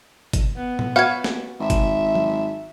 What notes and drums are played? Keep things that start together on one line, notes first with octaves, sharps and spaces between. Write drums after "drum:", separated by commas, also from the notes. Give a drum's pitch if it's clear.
drum: kick G1, hi-hat
B3
drum: tom A2
F#4 B4 F5 F#5 G#6
drum: snare
G#1 E5
drum: kick G1, hi-hat
drum: tom F#3